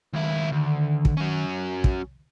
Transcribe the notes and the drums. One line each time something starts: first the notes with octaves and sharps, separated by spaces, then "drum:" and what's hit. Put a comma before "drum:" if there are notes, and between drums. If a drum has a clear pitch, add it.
C#2 D#3 E4
D2
drum: kick
F#3 C#4
drum: kick